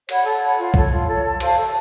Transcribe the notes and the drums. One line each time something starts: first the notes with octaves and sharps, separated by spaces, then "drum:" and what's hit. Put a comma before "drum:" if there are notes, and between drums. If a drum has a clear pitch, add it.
C#5 F#5 B5, drum: cymbal
A4
C#5 F#5 B5
F4
A4 C#5, drum: kick
F4
A4 C#5
A4
C5 F5 A5, drum: cymbal
A4